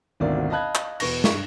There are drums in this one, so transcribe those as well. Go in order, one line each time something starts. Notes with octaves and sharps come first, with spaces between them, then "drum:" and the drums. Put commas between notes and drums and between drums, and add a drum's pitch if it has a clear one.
G#1 D2 B2 D#3 F4 D5
D#5 F5 A5 B5 F#6 G#6
drum: clap
E2 B2 B4 C#6 A#6, drum: cymbal
G2 C#6, drum: snare